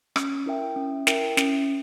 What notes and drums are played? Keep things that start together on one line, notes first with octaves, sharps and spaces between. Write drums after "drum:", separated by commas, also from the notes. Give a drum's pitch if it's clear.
C#4, drum: rim click
E4 A#4 E5 G5
C#4
E4 A#4 E5 G5, drum: snare
C#4, drum: snare